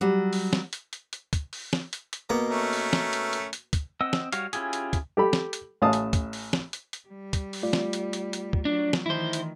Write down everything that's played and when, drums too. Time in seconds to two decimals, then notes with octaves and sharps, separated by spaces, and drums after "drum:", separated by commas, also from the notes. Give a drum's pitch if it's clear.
0.01 F#3 G3
0.33 drum: open hi-hat
0.53 drum: snare
0.73 drum: hi-hat
0.93 drum: hi-hat
1.13 drum: hi-hat
1.33 drum: kick, hi-hat
1.53 drum: open hi-hat
1.73 drum: snare
1.93 drum: hi-hat
2.13 drum: hi-hat
2.29 B2 A#3 A#5
2.50 A3 C#4 A#4
2.73 drum: open hi-hat
2.93 drum: snare
3.13 drum: hi-hat
3.33 drum: hi-hat
3.53 drum: hi-hat
3.73 drum: kick, hi-hat
4.01 C4 D#5 F#5 E6
4.13 drum: snare
4.32 G3 F#4 C#5 F5, drum: hi-hat
4.53 C#4 E4 F4 G4 G#4, drum: hi-hat
4.73 drum: hi-hat
4.93 drum: kick, hi-hat
5.17 G4 A4 B5
5.33 drum: snare
5.53 drum: hi-hat
5.82 A1 C#4 F5 A5 D#6
5.93 drum: hi-hat
6.13 drum: kick, hi-hat
6.33 drum: open hi-hat
6.53 drum: snare
6.73 drum: hi-hat
6.93 drum: hi-hat
7.08 G3
7.33 drum: kick, hi-hat
7.53 drum: open hi-hat
7.63 A3 F4 D5
7.73 drum: snare
7.93 drum: hi-hat
8.13 drum: hi-hat
8.33 drum: hi-hat
8.53 drum: kick
8.65 F#3 D4
8.93 drum: snare
9.06 D#3 E3 E4 C5
9.33 drum: hi-hat